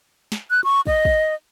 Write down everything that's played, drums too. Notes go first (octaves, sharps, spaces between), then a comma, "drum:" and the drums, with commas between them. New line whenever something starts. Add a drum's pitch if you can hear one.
drum: snare
F#6
C#6
D#5, drum: kick
drum: kick